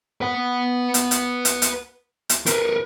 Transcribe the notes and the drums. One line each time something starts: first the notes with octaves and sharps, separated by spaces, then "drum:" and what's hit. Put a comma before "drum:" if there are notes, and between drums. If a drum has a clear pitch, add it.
B4 F#5
drum: hi-hat
drum: hi-hat
drum: hi-hat
drum: hi-hat
drum: hi-hat
A#4 B4, drum: hi-hat